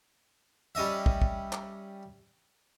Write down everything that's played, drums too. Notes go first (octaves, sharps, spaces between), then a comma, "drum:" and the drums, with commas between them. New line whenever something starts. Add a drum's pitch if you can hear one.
G3 C#4 D#5 E5
drum: kick
drum: kick
drum: clap